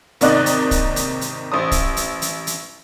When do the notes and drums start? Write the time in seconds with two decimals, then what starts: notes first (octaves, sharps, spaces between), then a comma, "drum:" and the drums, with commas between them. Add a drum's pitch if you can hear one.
0.21 D#2 G#2 C3 D5 D#5 F#6, drum: hi-hat
0.46 drum: hi-hat
0.71 drum: kick, hi-hat
0.96 drum: hi-hat
1.21 drum: hi-hat
1.52 A1 C5 D#6
1.71 drum: kick, hi-hat
1.97 drum: hi-hat
2.22 drum: hi-hat
2.47 drum: hi-hat